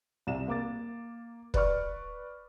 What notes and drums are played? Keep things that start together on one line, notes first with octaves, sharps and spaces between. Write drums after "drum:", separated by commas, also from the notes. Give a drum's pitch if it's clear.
C2 E7
A#3 D6 A6
B4 D5 C#6 F6, drum: kick